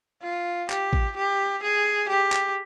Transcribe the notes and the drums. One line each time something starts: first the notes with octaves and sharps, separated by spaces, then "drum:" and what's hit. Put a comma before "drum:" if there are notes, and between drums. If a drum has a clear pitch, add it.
F4
G4, drum: clap
drum: kick
G4
G#4
G4
drum: clap